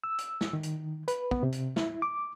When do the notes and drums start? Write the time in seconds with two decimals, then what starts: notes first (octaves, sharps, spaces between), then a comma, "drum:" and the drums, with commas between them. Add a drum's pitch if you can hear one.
0.04 E6
0.18 drum: hi-hat
0.41 drum: snare
0.53 D#3
0.63 drum: hi-hat
1.08 B4, drum: hi-hat
1.31 B3, drum: kick
1.43 C3
1.52 drum: hi-hat
1.76 E4, drum: snare
2.02 D6